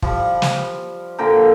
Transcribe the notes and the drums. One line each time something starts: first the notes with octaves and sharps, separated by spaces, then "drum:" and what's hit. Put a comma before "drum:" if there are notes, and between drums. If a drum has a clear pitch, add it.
F3 G3, drum: kick
drum: snare
A#2 D3 G5 A#5